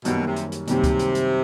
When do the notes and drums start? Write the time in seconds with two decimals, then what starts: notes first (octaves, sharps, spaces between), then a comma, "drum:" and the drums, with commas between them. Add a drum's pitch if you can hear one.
0.05 F#2 B2 D#3 G3 A#3, drum: hi-hat
0.27 C3
0.36 drum: hi-hat
0.52 drum: hi-hat
0.68 F#2 C3 D#3 G3 A#3, drum: hi-hat
0.84 drum: kick C#2, hi-hat
0.99 drum: hi-hat
1.15 drum: hi-hat